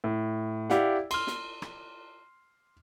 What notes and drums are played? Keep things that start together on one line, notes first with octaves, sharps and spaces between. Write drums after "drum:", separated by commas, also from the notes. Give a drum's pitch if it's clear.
A2
E4 G4 D5 F5 F#5, drum: snare
C6 F6, drum: cymbal
drum: snare
drum: rim click